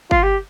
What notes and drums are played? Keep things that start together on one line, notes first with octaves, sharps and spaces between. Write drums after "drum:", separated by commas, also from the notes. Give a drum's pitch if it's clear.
F4, drum: kick G1
G4